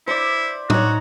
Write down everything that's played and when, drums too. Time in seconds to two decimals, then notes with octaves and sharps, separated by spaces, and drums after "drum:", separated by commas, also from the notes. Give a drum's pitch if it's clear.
0.08 E4 C5 D5
0.70 D#4 F#4 C#5, drum: tom